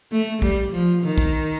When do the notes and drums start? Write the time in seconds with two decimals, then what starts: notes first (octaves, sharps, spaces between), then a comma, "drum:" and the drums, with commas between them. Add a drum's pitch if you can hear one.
0.12 A3
0.42 G3, drum: kick
0.72 F3
1.03 D#3
1.18 drum: kick